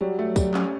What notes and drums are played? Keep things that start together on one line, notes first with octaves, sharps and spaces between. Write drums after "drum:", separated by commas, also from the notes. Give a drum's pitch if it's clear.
F#3 G3
A3
G3, drum: kick, tambourine
C#4, drum: clap